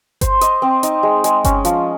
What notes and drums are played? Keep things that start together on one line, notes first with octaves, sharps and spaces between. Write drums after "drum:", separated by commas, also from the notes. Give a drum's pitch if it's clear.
C5, drum: kick G1, hi-hat
D#5, drum: hi-hat
C4
D#4, drum: hi-hat
G#3
G#3, drum: hi-hat
C#4, drum: kick G1, hi-hat
F3, drum: hi-hat